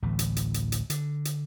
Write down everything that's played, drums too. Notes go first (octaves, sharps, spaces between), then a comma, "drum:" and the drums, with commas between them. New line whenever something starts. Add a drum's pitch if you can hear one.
A1 D2 A2 E3
drum: hi-hat
drum: hi-hat
drum: hi-hat
drum: hi-hat
D3, drum: hi-hat
drum: hi-hat